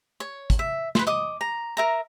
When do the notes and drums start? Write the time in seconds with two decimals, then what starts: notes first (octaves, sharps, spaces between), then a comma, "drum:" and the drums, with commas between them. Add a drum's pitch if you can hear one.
0.20 C#5
0.50 drum: kick, hi-hat
0.59 E5
0.95 B4 C5, drum: snare
1.07 D#5 D6 D#6
1.41 A#5
1.77 A#4 E5 A#5